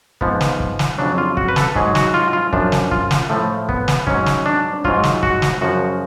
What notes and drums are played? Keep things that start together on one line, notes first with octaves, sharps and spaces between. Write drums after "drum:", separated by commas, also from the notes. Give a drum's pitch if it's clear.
G#2 F3 B3, drum: kick
drum: snare
drum: kick
drum: snare
F2 C#3 F#3 D4
F4
F#4, drum: kick
B4
A4, drum: snare
G#2 F#3 G#4, drum: kick
F#4, drum: snare
F4
F4
F#2 F3 D4, drum: kick
drum: snare
F4, drum: kick
drum: snare
A2 F3 A3
B3, drum: kick
drum: snare
G#2 F#3 C#4, drum: kick
drum: snare
D4
G#2 F#3 F4, drum: kick
drum: snare
F#4, drum: kick
drum: snare
F#2 C#3 F3 F#4